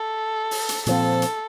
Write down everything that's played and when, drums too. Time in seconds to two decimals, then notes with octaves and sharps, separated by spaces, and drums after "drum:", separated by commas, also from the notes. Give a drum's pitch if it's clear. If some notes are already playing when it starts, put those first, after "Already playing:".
Already playing: A4
0.51 drum: open hi-hat
0.69 drum: hi-hat
0.86 A#2 F3 C4 A4, drum: hi-hat
1.22 drum: hi-hat